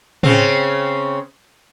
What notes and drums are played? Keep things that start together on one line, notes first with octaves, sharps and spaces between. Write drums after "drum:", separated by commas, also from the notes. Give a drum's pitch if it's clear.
C#3 C4, drum: tom